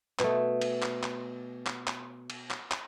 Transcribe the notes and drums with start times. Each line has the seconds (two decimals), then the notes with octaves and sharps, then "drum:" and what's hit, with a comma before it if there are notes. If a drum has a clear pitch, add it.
0.19 B2 A3, drum: clap
0.61 drum: cymbal
0.82 drum: clap
1.04 drum: clap
1.67 drum: clap
1.88 drum: clap
2.30 drum: cymbal
2.51 drum: clap
2.72 drum: clap